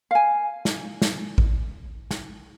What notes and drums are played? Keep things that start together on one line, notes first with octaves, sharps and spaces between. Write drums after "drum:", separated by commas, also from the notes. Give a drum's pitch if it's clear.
F5 G#5
drum: snare
drum: snare
drum: kick A1
drum: snare